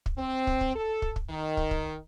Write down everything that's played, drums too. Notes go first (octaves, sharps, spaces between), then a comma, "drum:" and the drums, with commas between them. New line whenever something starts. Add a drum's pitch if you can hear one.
drum: kick
C4
drum: kick
drum: kick
A4
drum: kick
drum: kick
D#3
drum: kick
drum: kick